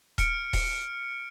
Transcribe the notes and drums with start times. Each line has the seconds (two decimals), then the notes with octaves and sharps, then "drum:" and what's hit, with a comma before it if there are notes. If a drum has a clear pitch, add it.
0.18 F6 C#7 D7, drum: kick D#1, hi-hat
0.53 drum: kick D#1, open hi-hat